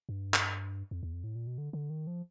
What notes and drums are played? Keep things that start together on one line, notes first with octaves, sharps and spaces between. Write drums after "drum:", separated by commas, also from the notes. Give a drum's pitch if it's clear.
G2
drum: clap
F2
E2
F2
A2
A#2
B2
D3
D3
D#3
F3